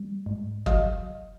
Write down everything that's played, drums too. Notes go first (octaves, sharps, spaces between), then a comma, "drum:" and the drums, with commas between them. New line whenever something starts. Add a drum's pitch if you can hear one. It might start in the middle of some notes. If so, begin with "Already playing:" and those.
Already playing: G3
G#2
F#3 D#5 F5, drum: kick